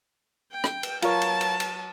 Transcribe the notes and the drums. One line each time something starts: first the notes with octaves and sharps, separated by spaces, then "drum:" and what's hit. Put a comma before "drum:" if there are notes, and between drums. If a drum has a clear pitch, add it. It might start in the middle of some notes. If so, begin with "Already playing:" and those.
G5
drum: rim click
drum: cymbal
F#3 F4 A#4 C#5 A5, drum: cymbal
drum: cymbal
drum: cymbal
drum: cymbal